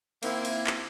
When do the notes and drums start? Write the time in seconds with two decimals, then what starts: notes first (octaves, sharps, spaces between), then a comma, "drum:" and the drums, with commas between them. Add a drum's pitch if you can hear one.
0.23 D#3 A#3 C4 E4, drum: cymbal
0.45 drum: cymbal
0.67 drum: clap